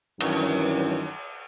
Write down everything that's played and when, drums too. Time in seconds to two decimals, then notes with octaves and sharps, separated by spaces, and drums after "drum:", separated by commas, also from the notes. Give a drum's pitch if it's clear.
0.20 G2 D#3 E3 F#3 C#4 A#4, drum: cymbal